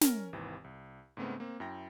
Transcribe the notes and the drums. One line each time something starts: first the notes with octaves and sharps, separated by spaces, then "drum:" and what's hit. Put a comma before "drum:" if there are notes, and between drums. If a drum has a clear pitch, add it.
C#4 A#4, drum: snare
G#1 D#2 C3 E3
C2
G#2 C#3 A3 B3 C4
A#3 C4
F#2 E4 G5 A#6